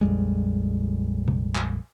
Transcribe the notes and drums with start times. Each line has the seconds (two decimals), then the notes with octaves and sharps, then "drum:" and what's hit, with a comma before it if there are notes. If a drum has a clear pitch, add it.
0.01 A#1 F2 G3 G#3
1.28 drum: tom C3
1.55 drum: clap